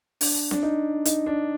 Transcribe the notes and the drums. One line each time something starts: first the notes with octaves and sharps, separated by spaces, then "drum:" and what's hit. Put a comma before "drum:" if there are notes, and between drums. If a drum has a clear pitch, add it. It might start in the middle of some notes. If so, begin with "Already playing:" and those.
D4, drum: open hi-hat
D4, drum: snare C4
D#4
D#4, drum: hi-hat
D4